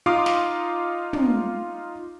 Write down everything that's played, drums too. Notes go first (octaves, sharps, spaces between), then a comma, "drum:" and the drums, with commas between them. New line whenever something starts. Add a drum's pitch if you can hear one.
D#4 F4 F5 C6 D6 D#6
drum: snare
drum: tom